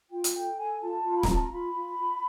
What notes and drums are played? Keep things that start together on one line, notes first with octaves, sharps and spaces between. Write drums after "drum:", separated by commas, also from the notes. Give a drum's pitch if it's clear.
F4 G5
drum: hi-hat
A4 G5
A4 G#5
F4 A5
F4
B5
A#5, drum: snare
F4 A5
A#5
F4 B5
F4
F4